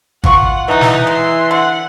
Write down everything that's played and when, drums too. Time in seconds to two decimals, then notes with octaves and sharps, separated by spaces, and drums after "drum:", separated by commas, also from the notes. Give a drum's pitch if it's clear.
0.24 B2 F4 F#5 C#6, drum: kick G#1
0.68 E3 D#4 A#4 F#5
0.81 drum: snare
1.07 G#3 C6
1.51 D3 F#5 C6